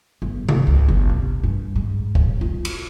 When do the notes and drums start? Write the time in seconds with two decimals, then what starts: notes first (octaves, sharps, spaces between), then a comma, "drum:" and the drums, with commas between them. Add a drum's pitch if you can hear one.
0.22 G1
0.49 G#1, drum: tom C3
0.67 C#2
0.89 G1
1.09 C3
1.44 G2
1.76 G#2
2.15 D#1, drum: kick C#2
2.41 F4
2.65 drum: cymbal